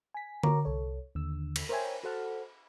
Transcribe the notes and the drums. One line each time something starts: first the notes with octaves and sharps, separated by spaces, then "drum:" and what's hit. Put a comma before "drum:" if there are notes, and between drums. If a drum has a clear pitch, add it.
G#5 B6
F#4 A#4 C#5 A#5 D6, drum: tom D3
C2 A4 C#5
D#2 D3 E6
drum: cymbal
A#4 C5 C#5 E5 G5 G#5
F#4 A4 C5 F#5 A5 F6